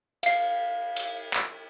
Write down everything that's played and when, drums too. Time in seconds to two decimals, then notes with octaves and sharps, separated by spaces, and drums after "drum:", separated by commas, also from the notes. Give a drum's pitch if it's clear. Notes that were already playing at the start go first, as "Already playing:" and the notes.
0.23 F5 C7, drum: cymbal
0.96 drum: cymbal
1.33 drum: clap